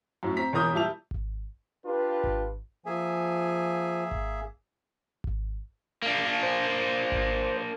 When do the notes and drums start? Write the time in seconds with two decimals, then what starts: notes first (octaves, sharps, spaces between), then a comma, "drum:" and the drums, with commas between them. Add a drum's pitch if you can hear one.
0.23 F#2 A2
0.37 C4 A#5 B6
0.53 E1 E2 A#4 A#5 D#6 G6
0.73 A#2 G3 E4 A5 F7
1.11 drum: kick G#1
1.86 D4 F4 G4 B4
2.24 drum: kick G#1
2.86 F3 A#3 G#4 E5 G#5
4.11 drum: kick G#1
5.24 drum: kick G#1
6.02 A#3 D4
6.43 C5
7.12 drum: kick G#1